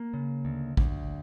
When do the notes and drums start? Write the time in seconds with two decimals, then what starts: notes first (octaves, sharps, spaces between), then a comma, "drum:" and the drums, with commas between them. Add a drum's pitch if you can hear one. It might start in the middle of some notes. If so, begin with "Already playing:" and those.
Already playing: A#3
0.14 C#3
0.45 D2
0.77 D2, drum: kick